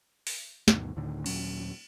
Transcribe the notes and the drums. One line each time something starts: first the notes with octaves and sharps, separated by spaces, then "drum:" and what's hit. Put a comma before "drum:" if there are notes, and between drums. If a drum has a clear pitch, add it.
drum: open hi-hat
D2 G2 B2 D#3, drum: snare
D2 A2 D3 D#3
D#2 A#2 F#3 C#4, drum: cymbal